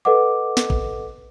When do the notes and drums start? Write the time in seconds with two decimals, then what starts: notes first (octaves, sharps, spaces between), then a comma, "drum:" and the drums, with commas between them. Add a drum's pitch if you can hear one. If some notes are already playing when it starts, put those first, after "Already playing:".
0.05 A4 B4 D#5 F#5 D6
0.57 drum: snare
0.70 drum: kick